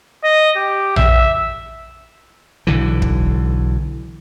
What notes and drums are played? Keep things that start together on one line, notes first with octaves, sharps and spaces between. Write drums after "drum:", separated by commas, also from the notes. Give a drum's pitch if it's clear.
D#5
G4
E5, drum: tom A#1
B1 D3 E3
drum: kick